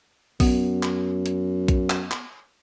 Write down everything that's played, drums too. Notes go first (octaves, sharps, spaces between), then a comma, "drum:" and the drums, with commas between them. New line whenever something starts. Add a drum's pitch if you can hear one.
F#2 B3, drum: kick A#1, open hi-hat
drum: clap
drum: hi-hat
drum: kick A#1, hi-hat
drum: clap
drum: clap